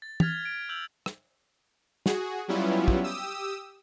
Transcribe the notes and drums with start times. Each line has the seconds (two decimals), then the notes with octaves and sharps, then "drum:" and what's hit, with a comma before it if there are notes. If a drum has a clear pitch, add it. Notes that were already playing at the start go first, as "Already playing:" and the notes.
0.02 A6
0.20 F6 G#6 A6 B6 F7, drum: tom
0.44 G#6 D7
0.69 E6 G6 F7 F#7
1.06 drum: rim click
2.06 F#4 G#4, drum: snare
2.48 F#3 G3 B3 C#4 E4 F4
2.88 drum: kick
3.04 G4 D#6 E6